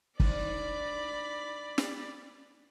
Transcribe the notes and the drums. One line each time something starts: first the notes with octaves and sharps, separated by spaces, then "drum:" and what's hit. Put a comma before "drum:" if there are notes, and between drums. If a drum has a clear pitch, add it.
G#2 D4 D5 B5, drum: kick
drum: snare